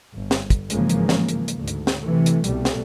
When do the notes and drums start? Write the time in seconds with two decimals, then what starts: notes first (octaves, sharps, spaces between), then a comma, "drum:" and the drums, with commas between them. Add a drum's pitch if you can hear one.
0.16 G1
0.31 drum: snare
0.50 drum: kick, hi-hat
0.70 G#1 C#3 E3 F3 G#3 A#3, drum: hi-hat
0.89 drum: hi-hat
1.09 drum: snare
1.29 drum: hi-hat
1.48 drum: hi-hat
1.57 D2 G#2
1.68 drum: hi-hat
1.87 drum: snare
2.04 C3 E3 A3
2.26 drum: hi-hat
2.44 C2 B2 G3 A3, drum: hi-hat
2.65 drum: snare